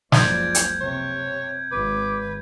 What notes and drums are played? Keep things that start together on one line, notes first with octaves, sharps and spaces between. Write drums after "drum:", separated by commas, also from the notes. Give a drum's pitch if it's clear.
F#1 C#2 F3 D5 G6 G#6 D7, drum: snare
drum: hi-hat
C3 C#5
G#1 B4 D6